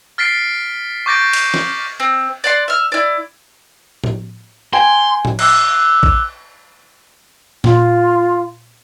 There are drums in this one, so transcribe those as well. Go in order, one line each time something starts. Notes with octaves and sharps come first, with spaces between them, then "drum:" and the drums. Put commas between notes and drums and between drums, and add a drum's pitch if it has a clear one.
F6 A6 B6 C7 D7
C#6 D6 G6 A6 A#6 D7
drum: cymbal
drum: snare
C4
D5 F#5 C6
E5 F6
E4 D5
drum: tom A2
G5 G#5 C6
drum: tom A2
D6 E6 F#6, drum: cymbal
drum: kick
A#2 F4, drum: snare